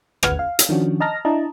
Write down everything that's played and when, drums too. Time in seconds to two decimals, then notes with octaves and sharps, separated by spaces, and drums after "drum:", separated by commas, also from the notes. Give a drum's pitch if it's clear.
0.23 G#1 D2 B4 F#5 F6 G#6, drum: rim click
0.39 F5
0.59 drum: hi-hat
0.69 D#3 F3 C#4 D4 F#4
1.00 D#5 A5 A#5 F6 A#6
1.25 D4 E4 D#5 A5 A#5